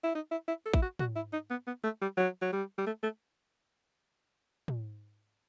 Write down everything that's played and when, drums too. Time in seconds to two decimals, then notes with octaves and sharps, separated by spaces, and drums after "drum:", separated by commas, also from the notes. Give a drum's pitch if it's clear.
0.03 E4
0.15 D#4
0.31 E4
0.48 E4
0.66 A4
0.74 E4, drum: kick
0.82 F#4
0.99 F#4, drum: tom
1.16 E4
1.33 D#4
1.50 B3
1.67 B3
1.84 A3
2.02 G3
2.17 F#3
2.42 F#3
2.52 G3
2.78 G3
2.86 A3
3.03 A3
4.68 drum: tom